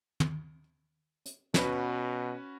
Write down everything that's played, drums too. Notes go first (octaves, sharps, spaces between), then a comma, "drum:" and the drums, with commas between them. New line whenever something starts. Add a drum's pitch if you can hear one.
drum: tom
drum: hi-hat
B2 C#4 F#4 B4, drum: snare